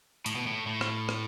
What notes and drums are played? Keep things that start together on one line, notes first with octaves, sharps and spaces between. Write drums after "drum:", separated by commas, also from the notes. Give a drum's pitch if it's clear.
A2, drum: hi-hat
B2
A2
A2
drum: rim click
drum: rim click